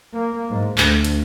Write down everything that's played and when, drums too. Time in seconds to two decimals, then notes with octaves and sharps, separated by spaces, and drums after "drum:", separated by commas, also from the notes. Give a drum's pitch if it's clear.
0.13 A#3
0.49 G#2
0.78 D2, drum: clap
1.04 drum: hi-hat